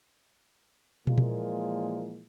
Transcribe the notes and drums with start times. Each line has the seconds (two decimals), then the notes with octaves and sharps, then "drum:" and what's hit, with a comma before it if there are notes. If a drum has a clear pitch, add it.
1.07 A#2 E3 F3 G#3 A#3 F4, drum: tom
1.18 drum: tom A#2